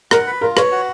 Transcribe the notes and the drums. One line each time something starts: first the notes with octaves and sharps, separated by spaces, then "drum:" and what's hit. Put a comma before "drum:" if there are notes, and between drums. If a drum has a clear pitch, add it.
A#4 F#5, drum: rim click
B4
F4 A#4
B4 C#5, drum: rim click
F#4